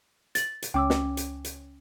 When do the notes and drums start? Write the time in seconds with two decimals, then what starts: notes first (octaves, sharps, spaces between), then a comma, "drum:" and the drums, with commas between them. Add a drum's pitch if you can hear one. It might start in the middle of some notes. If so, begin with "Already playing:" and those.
0.35 A6 F#7, drum: hi-hat
0.62 drum: hi-hat
0.74 C#2 C#4 G5 D6 E6
0.90 drum: snare
1.17 drum: hi-hat
1.45 drum: hi-hat